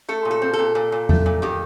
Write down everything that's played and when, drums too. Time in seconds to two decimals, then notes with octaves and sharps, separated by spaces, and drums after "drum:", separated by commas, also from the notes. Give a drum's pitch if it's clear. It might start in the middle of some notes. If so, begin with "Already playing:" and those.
0.09 A3 A4
0.25 A#2
0.31 A4
0.42 C4
0.53 A4
0.59 A#2
0.75 A#2
0.92 A#2
1.09 A3, drum: tom E2
1.26 A#2
1.42 D#3 G4